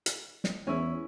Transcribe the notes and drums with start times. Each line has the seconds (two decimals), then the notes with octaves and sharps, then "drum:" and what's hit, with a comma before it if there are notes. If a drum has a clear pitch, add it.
0.06 drum: hi-hat
0.44 drum: snare
0.67 E2 C#4 E4